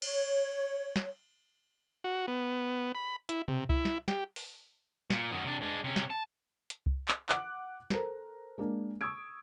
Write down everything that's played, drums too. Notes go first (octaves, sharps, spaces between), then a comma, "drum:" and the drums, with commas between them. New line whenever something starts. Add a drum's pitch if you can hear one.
C#5, drum: cymbal
drum: snare
F#4
B3
B5
E4, drum: hi-hat
C3, drum: tom B2
E4, drum: kick C2
drum: snare
G4, drum: snare
drum: open hi-hat
A#2, drum: snare
F#2 D#3
C3 D4
G#3 D4
C3 C#4
drum: snare
A5
drum: hi-hat
drum: kick C2
drum: clap
F#5 D6 F#6, drum: clap
A4 A#4 C5 A#5, drum: snare
G#3 A#3 D4
C#6 D#6 E6 G#6 D7